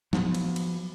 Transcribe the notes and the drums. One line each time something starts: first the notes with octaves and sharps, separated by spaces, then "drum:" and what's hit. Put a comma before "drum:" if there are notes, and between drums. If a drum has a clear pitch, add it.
F3 F#3 B3, drum: snare
drum: cymbal
drum: cymbal